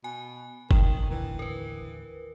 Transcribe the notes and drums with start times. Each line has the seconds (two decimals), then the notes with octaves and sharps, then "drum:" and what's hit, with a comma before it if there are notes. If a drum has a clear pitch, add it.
0.04 B2 G#5
0.71 D#3 G5, drum: kick
1.11 D#2 A2 D3 E3
1.39 A#4 B4